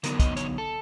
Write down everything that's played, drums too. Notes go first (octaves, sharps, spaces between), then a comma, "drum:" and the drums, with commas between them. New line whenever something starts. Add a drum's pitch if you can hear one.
D3 F#3 B3 D#4 A#4, drum: hi-hat
D#5, drum: kick, hi-hat
C#5, drum: hi-hat
A4